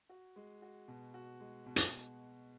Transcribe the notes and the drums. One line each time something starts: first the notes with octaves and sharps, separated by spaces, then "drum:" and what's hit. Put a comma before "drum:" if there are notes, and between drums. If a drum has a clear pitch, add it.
F#4
G#3
F#4
B2
F#4
G#3
B2
drum: hi-hat